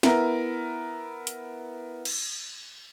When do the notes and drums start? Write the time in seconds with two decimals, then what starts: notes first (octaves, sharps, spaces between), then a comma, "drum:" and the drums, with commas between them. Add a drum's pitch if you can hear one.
0.03 B3 E4 A#4, drum: snare
1.27 drum: hi-hat
2.05 drum: cymbal